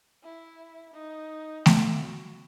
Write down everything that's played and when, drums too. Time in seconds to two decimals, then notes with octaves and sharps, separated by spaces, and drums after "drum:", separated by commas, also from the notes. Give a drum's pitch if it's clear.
0.23 E4
0.94 D#4
1.66 E4, drum: snare A3
2.01 F#4